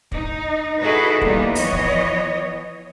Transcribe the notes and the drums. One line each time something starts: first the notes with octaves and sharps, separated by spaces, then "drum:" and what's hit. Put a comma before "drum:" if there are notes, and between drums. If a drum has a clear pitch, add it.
D#4, drum: kick
D#4 E4 F#4 G#4 A4 B4
D#3 E3 G3 A#3 B3 D#4, drum: kick
E3 F3 B3 C#5 D#5, drum: open hi-hat
drum: kick